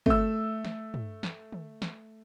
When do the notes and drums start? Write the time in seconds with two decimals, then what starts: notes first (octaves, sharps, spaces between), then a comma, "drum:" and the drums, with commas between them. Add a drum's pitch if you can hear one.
0.06 A3 E6, drum: kick G1
0.65 drum: snare
0.94 drum: tom
1.23 drum: snare
1.52 drum: tom
1.82 drum: snare